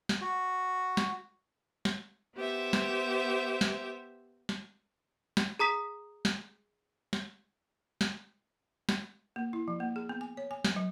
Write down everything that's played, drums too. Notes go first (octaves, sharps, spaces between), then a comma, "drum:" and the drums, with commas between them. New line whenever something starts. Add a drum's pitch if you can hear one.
drum: snare
F#4
drum: snare
drum: snare
B3 G4 C5 E5
drum: snare
drum: snare
drum: snare
drum: snare
G#4 A#5 D#6 B6
drum: snare
drum: snare
drum: snare
drum: snare
A#3
E4
F3
A#3
G#4
B3
G#5
C#5
G#5
F#3, drum: snare
F#3